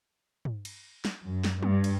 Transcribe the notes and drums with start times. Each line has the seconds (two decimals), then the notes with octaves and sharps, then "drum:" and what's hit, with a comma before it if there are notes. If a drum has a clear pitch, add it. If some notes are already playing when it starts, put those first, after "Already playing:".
0.45 drum: tom
0.65 drum: cymbal
1.05 drum: snare
1.25 F#2
1.44 drum: snare
1.62 G2, drum: tom
1.84 drum: cymbal